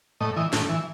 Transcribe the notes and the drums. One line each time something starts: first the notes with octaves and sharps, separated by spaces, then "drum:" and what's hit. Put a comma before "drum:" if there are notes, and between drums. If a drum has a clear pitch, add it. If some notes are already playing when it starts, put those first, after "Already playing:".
A2 D#5
E3 D#5
A2, drum: snare
E3